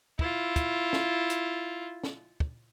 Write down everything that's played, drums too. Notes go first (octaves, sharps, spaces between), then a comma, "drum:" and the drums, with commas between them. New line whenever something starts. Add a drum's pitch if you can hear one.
E4 F4, drum: kick
drum: kick, hi-hat
drum: snare
drum: hi-hat
drum: snare
drum: kick